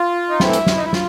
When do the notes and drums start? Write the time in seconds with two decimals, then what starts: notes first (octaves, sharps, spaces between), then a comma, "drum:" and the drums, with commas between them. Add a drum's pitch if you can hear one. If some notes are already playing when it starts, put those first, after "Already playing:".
Already playing: F4
0.29 D#4
0.40 A2 E3 A3 C4 E4, drum: snare
0.53 drum: hi-hat
0.67 drum: snare
0.77 D#4
0.85 E4
0.93 F4, drum: snare